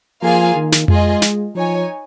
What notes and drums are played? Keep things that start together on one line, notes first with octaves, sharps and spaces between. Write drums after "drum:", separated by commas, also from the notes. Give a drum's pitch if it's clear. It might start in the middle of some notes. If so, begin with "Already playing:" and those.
F3 A#3 F4 G#4 F5 G#5
D#3
drum: snare
G#3 F4 G#4 D#5, drum: tom F2
drum: snare
F3 D#4 C#5 G#5